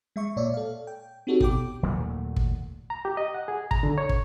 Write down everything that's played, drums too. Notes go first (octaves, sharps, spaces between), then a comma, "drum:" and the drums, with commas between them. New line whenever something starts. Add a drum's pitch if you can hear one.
G#3 E5 C#6
A#2 C#5 D5 E5
A4 F5
G5
C4 D#4 F#4 G4 A4 C#5
B2 G5 D6, drum: kick
D#2 A#2 F#3 A3
drum: kick
A#5
G4
D#5
F#5
G#4
A#5, drum: kick
D3
C#5
drum: kick